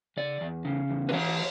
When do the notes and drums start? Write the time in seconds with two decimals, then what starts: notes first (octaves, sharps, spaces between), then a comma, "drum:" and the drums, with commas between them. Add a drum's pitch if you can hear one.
0.17 C#3 D5
0.41 E2
0.65 C#3
0.90 E2
1.09 B4, drum: cymbal
1.13 E3 C#5